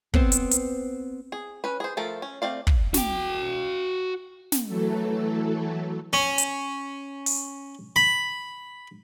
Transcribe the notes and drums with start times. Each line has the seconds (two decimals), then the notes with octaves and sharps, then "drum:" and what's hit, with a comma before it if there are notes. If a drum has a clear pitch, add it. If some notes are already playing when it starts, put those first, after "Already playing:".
0.14 B3 C4 C5, drum: kick
0.32 drum: hi-hat
0.51 drum: hi-hat
1.32 G#4
1.64 C#4 B4
1.80 G#4 C5
1.97 F3 A3 A4 A#4
2.22 C#4
2.42 A3 C4 D5 F5
2.67 drum: kick
2.94 F#4 G5, drum: snare
4.52 drum: snare
4.67 E3 F#3 A3 A4
6.13 C#4
6.38 drum: hi-hat
7.26 drum: open hi-hat
7.96 B5